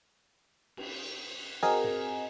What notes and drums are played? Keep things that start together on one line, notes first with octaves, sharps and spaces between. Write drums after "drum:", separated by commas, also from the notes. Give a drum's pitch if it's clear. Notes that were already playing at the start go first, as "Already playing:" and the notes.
drum: cymbal
C4 F#4 G#4 A#4 D#5 G#5, drum: snare
drum: tom